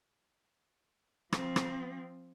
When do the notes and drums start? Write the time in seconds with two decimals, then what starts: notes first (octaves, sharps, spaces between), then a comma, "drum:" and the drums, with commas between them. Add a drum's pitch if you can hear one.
1.32 F3 C4, drum: rim click
1.56 drum: rim click